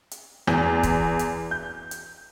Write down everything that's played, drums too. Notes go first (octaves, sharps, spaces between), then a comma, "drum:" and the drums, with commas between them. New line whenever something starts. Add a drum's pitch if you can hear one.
drum: hi-hat
E2, drum: rim click
drum: kick, hi-hat
drum: hi-hat
G6
drum: hi-hat